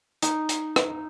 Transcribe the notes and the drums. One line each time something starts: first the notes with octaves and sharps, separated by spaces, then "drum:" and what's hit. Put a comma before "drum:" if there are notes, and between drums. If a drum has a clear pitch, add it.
D#4, drum: hi-hat
drum: hi-hat
drum: rim click